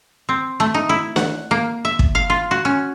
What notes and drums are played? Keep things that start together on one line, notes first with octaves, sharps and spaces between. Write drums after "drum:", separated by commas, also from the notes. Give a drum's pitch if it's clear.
C4
A3
D#4
E4
F#5, drum: snare
A#3
E5
drum: kick
F5
F4
F#4
C#4